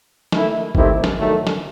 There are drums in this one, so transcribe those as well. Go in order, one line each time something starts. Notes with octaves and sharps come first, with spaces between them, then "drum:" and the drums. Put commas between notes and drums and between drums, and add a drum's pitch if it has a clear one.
D#3 A3 E4, drum: snare
D#3 A3 C4 E4 G4, drum: kick G1
drum: snare
G2 D#3 F#3 A3
drum: snare